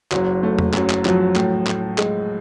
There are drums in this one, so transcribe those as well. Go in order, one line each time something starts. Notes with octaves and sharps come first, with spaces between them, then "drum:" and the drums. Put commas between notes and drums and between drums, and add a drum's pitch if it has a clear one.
F#1 F#3, drum: clap
A3
drum: tom E2
F#2 F#3, drum: clap
drum: clap
F3 F#3, drum: clap
A2, drum: clap
A2, drum: clap
G#3, drum: clap